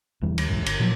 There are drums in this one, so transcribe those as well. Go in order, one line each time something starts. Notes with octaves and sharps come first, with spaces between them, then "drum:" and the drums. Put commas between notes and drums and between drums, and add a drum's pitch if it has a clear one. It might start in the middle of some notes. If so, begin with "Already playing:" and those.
E1 E2 E3 G3
D#2, drum: cymbal
D1 B1 E2 G#2
G1, drum: cymbal
A#2 F3 F#3